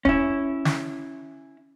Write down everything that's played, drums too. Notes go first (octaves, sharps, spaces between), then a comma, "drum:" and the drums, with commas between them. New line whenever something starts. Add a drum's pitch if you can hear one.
C#4 E4, drum: kick
drum: snare